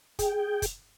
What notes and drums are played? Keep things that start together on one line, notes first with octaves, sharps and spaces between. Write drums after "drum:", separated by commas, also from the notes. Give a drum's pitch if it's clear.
G#4 G5, drum: kick, hi-hat
drum: kick, hi-hat